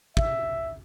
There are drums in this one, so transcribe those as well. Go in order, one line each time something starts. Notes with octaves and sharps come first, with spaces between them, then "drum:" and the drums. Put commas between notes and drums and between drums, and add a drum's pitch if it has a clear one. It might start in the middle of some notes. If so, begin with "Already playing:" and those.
E5, drum: kick